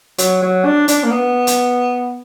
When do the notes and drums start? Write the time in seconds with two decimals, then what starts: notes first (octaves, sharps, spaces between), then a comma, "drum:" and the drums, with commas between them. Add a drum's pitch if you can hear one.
0.18 F#3, drum: hi-hat
0.42 F#3
0.65 D4
0.88 D4, drum: hi-hat
1.04 A#3
1.11 B3
1.47 drum: hi-hat